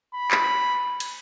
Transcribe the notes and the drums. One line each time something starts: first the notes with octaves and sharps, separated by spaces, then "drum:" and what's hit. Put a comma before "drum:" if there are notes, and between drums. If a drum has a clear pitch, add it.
B5
drum: clap
drum: cymbal